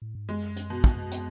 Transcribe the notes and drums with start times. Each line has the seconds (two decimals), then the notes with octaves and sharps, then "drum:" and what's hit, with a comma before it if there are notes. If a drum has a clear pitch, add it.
0.02 A2
0.15 G#2
0.29 F#2 G#3
0.56 drum: hi-hat
0.70 B2
0.84 drum: kick
1.11 drum: hi-hat